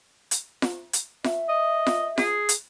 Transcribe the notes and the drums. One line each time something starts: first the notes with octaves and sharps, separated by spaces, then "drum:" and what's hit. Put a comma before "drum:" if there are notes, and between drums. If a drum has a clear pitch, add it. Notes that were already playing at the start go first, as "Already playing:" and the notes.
drum: hi-hat
drum: snare F4
drum: hi-hat
E5, drum: snare F4
D#5
drum: snare F4
G#4, drum: snare F4
drum: hi-hat